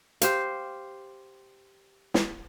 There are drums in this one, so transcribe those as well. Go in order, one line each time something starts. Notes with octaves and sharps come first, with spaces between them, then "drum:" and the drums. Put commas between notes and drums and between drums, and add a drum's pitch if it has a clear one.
G4 C5 F5, drum: hi-hat
drum: snare